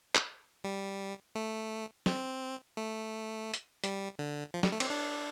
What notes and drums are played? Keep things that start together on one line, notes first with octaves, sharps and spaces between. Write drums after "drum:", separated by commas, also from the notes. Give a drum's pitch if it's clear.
drum: clap
G3
A3
C4, drum: snare
A3
drum: hi-hat
G3, drum: hi-hat
D3
F3
G3, drum: snare
A3
C4, drum: cymbal
D4